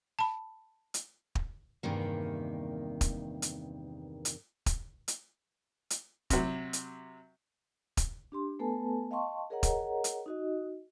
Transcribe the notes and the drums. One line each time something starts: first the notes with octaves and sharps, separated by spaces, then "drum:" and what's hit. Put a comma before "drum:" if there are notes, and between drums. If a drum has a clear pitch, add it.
A5 B5
drum: hi-hat
drum: kick
E2 G2 C3 D#3 A#3
drum: kick, hi-hat
drum: hi-hat
drum: hi-hat
drum: kick, hi-hat
drum: hi-hat
drum: hi-hat
C3 F#3, drum: kick, hi-hat
drum: hi-hat
drum: kick, hi-hat
D4 G4 C6
A3 B3 A4 B4 G#5 A5
D#5 F5 G5 A5 C6 C#6
G#4 A#4 C#5 D#5 F#5 A#5
drum: kick, hi-hat
drum: hi-hat
D#4 F#4 D#5